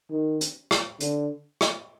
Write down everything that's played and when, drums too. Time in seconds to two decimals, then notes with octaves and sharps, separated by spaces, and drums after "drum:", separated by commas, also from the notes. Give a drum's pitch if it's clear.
0.11 D#3
0.41 drum: hi-hat
0.71 drum: rim click
1.00 D3, drum: hi-hat
1.61 drum: rim click